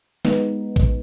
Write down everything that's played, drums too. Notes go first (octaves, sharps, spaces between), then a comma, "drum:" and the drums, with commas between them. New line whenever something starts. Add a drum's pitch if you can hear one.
G#3 B3 D#4, drum: snare
drum: kick, hi-hat